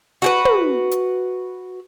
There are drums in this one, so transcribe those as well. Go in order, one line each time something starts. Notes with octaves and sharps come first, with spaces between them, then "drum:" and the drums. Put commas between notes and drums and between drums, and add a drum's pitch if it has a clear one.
F#4 G4 B4
drum: tom
drum: hi-hat